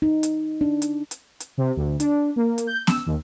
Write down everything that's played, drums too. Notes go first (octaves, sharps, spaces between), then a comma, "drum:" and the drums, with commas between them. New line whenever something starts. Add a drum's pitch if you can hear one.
D#4
drum: hi-hat
D4
drum: hi-hat
drum: hi-hat
drum: hi-hat
C3
D2
D4, drum: hi-hat
A#3
drum: hi-hat
G6
E6, drum: snare B3
D#2